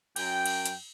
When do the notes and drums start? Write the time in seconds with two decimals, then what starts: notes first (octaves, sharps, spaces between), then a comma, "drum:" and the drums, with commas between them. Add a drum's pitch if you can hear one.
0.16 F#2 G5, drum: cymbal
0.46 drum: cymbal
0.66 drum: hi-hat